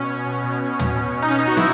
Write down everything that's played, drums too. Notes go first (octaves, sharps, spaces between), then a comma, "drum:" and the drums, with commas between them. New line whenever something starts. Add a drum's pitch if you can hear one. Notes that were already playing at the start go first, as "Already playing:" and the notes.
Already playing: B2 C#4
B2
B2
B2
B2
B2, drum: tom
B2
B2
D#4
B2 C#4
D#4
B2 F#4
E4, drum: snare